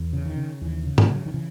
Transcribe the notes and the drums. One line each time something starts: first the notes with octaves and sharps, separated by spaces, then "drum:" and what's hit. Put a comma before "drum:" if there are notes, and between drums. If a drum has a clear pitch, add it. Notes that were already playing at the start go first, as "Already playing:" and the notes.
Already playing: E2
C#3
D#3
C#3
D#2 E3
C#3
F#3, drum: tom G2
C#3
D#3
C#3 E3